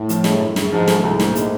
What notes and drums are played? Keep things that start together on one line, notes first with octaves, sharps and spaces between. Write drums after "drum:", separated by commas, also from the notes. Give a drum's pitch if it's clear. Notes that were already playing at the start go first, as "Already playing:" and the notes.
Already playing: A2
F3, drum: hi-hat
G#3, drum: snare
F#2
C#3, drum: snare
G#2 F3
A3, drum: snare
C2 G#2
A#2, drum: snare
A3, drum: hi-hat